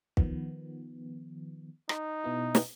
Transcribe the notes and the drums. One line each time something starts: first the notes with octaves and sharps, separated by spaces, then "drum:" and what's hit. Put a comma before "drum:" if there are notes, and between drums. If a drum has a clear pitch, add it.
D#3 F3 B3, drum: kick
D#4, drum: rim click
B2 B3 E4
drum: snare